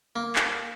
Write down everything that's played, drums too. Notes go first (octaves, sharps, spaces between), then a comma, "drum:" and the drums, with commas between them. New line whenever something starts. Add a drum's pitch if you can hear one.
A#3
drum: clap